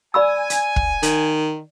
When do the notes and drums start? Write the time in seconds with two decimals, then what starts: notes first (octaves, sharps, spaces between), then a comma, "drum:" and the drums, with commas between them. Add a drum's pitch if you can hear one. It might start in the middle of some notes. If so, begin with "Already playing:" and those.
0.14 D5 G#5 B5 E6
0.50 drum: hi-hat
0.76 drum: kick
1.03 D#3, drum: hi-hat